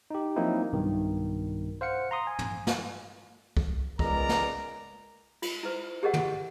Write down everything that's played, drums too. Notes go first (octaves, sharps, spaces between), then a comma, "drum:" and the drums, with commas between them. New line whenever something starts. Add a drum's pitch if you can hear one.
D#4 G4
F3 F#3 A#3 C4 D#4 E4
B1 G2 B2 D#3
C5 F5 F#5 C#7
A#5 C6 D#6
G#5
drum: tom
drum: snare
drum: kick
C#2 G#3 B3 A#4 D5 A#5, drum: kick
drum: snare
F4, drum: cymbal
E4 C5
G4 G#4 A#4 D#5 F#5
drum: tom